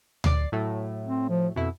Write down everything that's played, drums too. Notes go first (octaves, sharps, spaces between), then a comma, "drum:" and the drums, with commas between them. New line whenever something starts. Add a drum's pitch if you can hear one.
D5 C7, drum: tom D2
A2 F#3 A3
C4
F3
F2 B2 E4